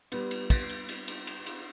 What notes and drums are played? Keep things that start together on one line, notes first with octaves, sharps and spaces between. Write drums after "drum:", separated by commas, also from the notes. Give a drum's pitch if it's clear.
G3 B3, drum: cymbal
drum: cymbal
drum: kick, cymbal
drum: cymbal
drum: cymbal
drum: cymbal
drum: cymbal
drum: cymbal